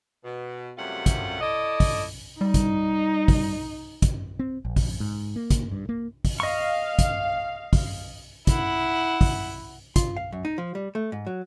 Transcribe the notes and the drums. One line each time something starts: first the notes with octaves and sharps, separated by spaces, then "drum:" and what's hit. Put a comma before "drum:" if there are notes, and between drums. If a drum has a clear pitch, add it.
B2
F#2 C3 G3 A3 F4 F#5
drum: kick, hi-hat
E4 A4 D5 D#5
drum: kick, open hi-hat
G3 D#4
drum: kick, hi-hat
drum: kick, open hi-hat
drum: kick, hi-hat
C4
A#1
drum: kick, open hi-hat
G#2
A#3
drum: kick, hi-hat
G2
A#3
drum: kick, open hi-hat
D#5 F5 C#6
drum: kick, hi-hat
drum: kick, open hi-hat
E4 F#5, drum: kick, hi-hat
drum: kick, open hi-hat
F4, drum: kick, hi-hat
F5
F#2
D#4
F3
G3
A3
G#2
F#3